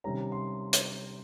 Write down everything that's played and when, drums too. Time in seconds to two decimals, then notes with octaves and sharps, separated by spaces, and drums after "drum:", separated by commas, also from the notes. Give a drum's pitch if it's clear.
0.04 C3 D#3 G3 C#4 A#5
0.32 C6
0.73 drum: hi-hat